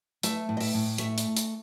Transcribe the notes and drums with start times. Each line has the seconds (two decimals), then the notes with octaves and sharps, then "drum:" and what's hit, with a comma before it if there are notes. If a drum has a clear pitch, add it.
0.23 A3 E5, drum: hi-hat
0.49 A2
0.57 D#5
0.60 E5, drum: open hi-hat
0.74 A2
0.98 A3 E5, drum: hi-hat
1.18 drum: hi-hat
1.37 drum: hi-hat